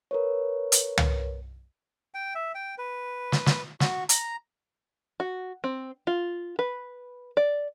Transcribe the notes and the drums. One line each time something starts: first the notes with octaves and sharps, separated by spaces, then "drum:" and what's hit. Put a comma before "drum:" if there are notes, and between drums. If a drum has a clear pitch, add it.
A#4 B4 C#5
drum: hi-hat
drum: tom
G5
E5
G5
B4
drum: snare
drum: snare
F#4, drum: snare
A#5, drum: hi-hat
F#4
C4
F4
B4
D5